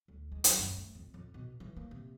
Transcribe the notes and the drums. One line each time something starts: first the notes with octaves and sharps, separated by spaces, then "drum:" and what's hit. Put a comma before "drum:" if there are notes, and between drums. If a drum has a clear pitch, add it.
D2
G#3
F#3, drum: hi-hat
F#2
A3
F2
F2
B2
E3
A#3
C3